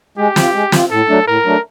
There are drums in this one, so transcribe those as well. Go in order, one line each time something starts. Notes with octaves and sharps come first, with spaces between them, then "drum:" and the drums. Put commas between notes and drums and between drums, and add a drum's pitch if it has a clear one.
G#3 G4
C4 F4, drum: snare
G#3
C4 F4, drum: snare
A2 A4
F#3 A3 D4
A2 A#4
F#3 A3 D4